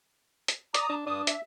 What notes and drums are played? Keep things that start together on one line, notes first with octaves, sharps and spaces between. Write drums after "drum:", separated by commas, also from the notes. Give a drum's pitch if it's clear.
drum: hi-hat
D5 A#5 D#6, drum: hi-hat
D4
G2 D4 D#6
E5, drum: hi-hat